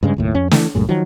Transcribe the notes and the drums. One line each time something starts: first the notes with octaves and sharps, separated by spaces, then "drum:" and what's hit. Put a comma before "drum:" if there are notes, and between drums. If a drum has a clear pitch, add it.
G2 C#3 G#3
F#1 D#2 A2
F2 C#4
E3 A3, drum: snare
C2 F#2 A2 G#3
D#3 F3 F#3